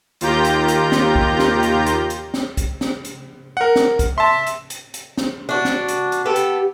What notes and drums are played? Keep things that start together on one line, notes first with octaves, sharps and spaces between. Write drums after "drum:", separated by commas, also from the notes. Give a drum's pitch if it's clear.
D#2 F4 G4 A#5 G6, drum: hi-hat
drum: hi-hat
drum: hi-hat
drum: snare
drum: kick
drum: snare
drum: hi-hat
drum: hi-hat
drum: hi-hat
drum: snare
drum: kick, hi-hat
drum: snare
drum: hi-hat
A#4 F#5
drum: snare
drum: kick, hi-hat
E5 A5 C6
drum: hi-hat
drum: hi-hat
drum: hi-hat
drum: snare
D4 F#4
drum: snare
drum: hi-hat
drum: hi-hat
B3 G4 A4
drum: hi-hat